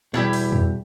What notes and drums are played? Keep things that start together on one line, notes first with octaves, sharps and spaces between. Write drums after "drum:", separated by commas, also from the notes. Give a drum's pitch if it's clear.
E2 B2 G3 D4 E4 G4
drum: open hi-hat
drum: tom E2